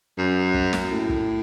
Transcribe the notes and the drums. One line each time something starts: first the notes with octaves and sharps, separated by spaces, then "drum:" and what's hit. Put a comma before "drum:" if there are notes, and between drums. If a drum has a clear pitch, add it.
F#2
drum: kick
drum: snare
A2
drum: kick